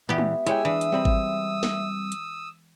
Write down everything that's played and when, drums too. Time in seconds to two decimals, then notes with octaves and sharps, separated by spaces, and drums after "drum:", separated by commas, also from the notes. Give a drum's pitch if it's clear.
0.09 A#2 E3 B3 G4 E5
0.18 drum: tom
0.46 G#3 E4 G4 C#5 G5 G#5 E6, drum: hi-hat
0.65 E3 D4 D#6 E6
0.81 drum: hi-hat
0.92 G3 C4 B5
1.05 drum: kick G#1
1.63 drum: snare
2.12 drum: hi-hat